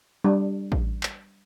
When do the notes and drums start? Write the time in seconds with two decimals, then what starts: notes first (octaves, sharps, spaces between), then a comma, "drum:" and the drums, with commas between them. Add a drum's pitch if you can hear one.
0.24 G3 D4
0.72 drum: kick A1
1.03 drum: clap